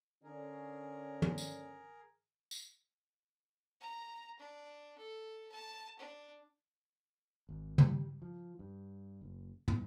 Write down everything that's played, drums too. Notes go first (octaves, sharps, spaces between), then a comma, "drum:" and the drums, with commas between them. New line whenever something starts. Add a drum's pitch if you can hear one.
D3 C#4 D4 G#4 A#4
drum: tom
drum: tambourine
drum: tambourine
A#5
D4
A4
A5
D4
G#1
G3, drum: tom C#3
F3
G2
F#1
E2, drum: tom